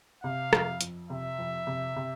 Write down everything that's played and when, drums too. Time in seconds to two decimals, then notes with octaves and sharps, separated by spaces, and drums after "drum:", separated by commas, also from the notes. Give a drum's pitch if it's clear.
0.23 C3 F5
0.53 F2, drum: rim click
0.81 F2, drum: hi-hat
1.10 C3 E5
1.39 F2
1.67 C3
1.96 C3